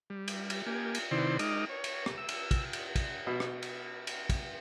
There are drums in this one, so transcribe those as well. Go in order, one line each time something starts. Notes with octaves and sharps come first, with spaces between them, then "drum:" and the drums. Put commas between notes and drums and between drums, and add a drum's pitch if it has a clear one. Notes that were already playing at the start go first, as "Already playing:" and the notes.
G3
drum: cymbal
drum: cymbal
A#3 G4 G#5
drum: cymbal
C3 D#3 E4 C5 D5 C6
G#3 D#4 D#5 D6 F6, drum: cymbal
C#5
drum: cymbal
drum: rim click
E6
drum: cymbal
drum: kick, cymbal
drum: cymbal
drum: kick, cymbal
B2
drum: rim click
drum: cymbal
drum: cymbal
drum: kick, cymbal